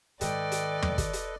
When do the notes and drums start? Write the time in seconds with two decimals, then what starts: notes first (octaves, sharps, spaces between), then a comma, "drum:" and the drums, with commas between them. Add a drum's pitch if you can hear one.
0.21 G#2 D#3 A4 B4 D5 D#5 G5, drum: hi-hat
0.52 drum: hi-hat
0.82 drum: tom
0.98 drum: kick, hi-hat
1.13 drum: hi-hat